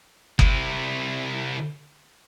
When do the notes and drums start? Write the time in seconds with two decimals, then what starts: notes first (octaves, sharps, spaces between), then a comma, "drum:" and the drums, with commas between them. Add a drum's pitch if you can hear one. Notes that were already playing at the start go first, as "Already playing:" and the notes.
0.39 C3 E4, drum: kick F#1